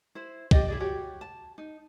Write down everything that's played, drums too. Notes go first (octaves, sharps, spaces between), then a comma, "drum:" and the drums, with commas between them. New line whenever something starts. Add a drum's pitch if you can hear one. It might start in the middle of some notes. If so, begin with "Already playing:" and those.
E4 C5
G4 D5 D#5 G5, drum: kick
E4 G#4 D5
F#4 G4 C#5
A5
D#4